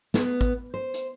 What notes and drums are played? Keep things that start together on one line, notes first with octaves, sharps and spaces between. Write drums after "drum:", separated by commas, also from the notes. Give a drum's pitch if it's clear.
B3, drum: snare
drum: kick G#1, hi-hat
C5
drum: hi-hat